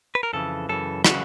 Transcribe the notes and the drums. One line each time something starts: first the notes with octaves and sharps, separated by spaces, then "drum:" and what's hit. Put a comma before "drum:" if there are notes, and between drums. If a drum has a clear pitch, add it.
B4
A#4
F2 C#3 E3 A4
F#2 C#3 E3 A4
C#3 E3 F#4, drum: rim click